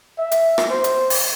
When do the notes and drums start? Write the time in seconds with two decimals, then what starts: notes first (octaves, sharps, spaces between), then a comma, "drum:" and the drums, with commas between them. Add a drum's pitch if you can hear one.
0.18 E5
0.31 drum: hi-hat
0.58 drum: rim click
0.70 C5
0.84 drum: hi-hat
1.10 drum: open hi-hat